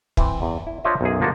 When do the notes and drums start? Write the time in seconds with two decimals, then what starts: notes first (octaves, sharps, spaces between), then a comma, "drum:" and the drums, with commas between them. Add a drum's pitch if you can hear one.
0.17 E3 C4, drum: kick
0.42 E2
0.67 E4
0.85 D4 F4 C5 C#5 D#5 E5
1.01 B1 F#2 G#4
1.20 G1 F3 A#3 F#4 A5